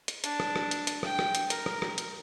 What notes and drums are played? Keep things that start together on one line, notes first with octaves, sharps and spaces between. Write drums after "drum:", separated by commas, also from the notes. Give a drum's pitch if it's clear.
drum: hi-hat
D4, drum: hi-hat
drum: rim click
drum: rim click
drum: hi-hat
drum: hi-hat
G5, drum: rim click
drum: rim click
drum: hi-hat
A#4, drum: hi-hat
drum: rim click
drum: rim click
drum: hi-hat